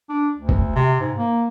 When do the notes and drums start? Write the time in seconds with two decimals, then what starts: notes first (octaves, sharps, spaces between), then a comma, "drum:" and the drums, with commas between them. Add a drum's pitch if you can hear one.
0.09 D4
0.37 D2
0.49 drum: kick
0.75 C3
1.00 G#2
1.17 A#3